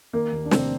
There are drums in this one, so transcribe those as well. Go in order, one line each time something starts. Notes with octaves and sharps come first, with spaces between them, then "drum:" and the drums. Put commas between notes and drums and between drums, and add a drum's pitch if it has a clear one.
D#3 A#3
D#2
D4
F1 C4, drum: snare